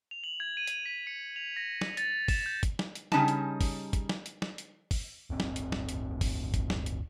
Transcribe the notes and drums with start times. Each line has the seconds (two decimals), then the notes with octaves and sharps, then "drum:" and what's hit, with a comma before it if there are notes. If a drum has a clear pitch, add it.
0.11 F7
0.24 F#7
0.40 G#6
0.57 D#7
0.67 drum: hi-hat
0.86 B6
1.07 C#7
1.36 F7
1.56 A#6
1.81 drum: snare
1.97 A6, drum: hi-hat
2.28 E7, drum: kick, open hi-hat
2.46 G6
2.63 drum: kick, hi-hat
2.79 drum: snare
2.95 drum: hi-hat
3.12 C#3 G3 C#4 D#4 D#5 A5, drum: snare
3.28 drum: hi-hat
3.61 drum: kick, open hi-hat
3.93 drum: kick, hi-hat
4.09 drum: snare
4.26 drum: hi-hat
4.42 drum: snare
4.58 drum: hi-hat
4.91 drum: kick, open hi-hat
5.30 D1 G1 C4
5.40 drum: snare
5.56 drum: hi-hat
5.72 drum: snare
5.89 drum: hi-hat
6.21 drum: kick, open hi-hat
6.54 drum: kick, hi-hat
6.70 drum: snare
6.86 drum: hi-hat